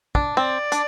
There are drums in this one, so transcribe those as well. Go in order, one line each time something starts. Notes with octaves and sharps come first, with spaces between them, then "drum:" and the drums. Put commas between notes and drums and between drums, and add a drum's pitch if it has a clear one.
D4, drum: kick
C4 D5
D4, drum: hi-hat